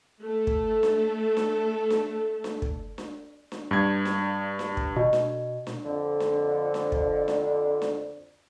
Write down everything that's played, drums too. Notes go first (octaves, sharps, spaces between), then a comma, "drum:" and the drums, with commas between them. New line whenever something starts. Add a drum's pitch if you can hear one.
A3 A4
drum: kick
drum: snare D4
drum: snare D4
drum: snare D4
drum: snare D4
drum: kick
drum: snare D4
drum: snare D4
G2 G#6
drum: snare D4
drum: snare D4
drum: kick
B2
drum: snare D4
drum: snare D4
F2 D3
drum: snare D4
drum: snare D4
drum: kick
drum: snare D4
drum: snare D4